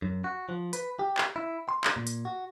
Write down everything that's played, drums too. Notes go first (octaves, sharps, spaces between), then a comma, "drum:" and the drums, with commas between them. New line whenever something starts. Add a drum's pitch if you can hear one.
F#2
F#4
F3
B4, drum: hi-hat
G4
drum: clap
E4
C6
drum: clap
A#2
drum: hi-hat
F#4